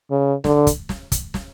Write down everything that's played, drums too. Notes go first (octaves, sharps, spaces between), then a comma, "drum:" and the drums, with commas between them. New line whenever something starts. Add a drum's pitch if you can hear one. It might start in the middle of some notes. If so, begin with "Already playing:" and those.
C#3
D3, drum: snare
drum: kick, hi-hat
drum: snare
drum: kick, hi-hat
drum: snare